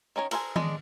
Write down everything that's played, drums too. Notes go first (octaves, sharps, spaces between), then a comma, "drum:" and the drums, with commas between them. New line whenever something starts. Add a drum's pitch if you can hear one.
D#3 C#4 A#4 C#5
A4 A#4 C5 F#5 G#5, drum: cymbal
G#3 D4 D#5, drum: tom D#3